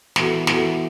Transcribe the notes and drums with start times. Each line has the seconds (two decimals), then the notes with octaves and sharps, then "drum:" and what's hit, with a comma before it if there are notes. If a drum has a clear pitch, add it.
0.16 E3 B3 F#4 A4, drum: snare
0.47 E3 B3 F#4 A4, drum: snare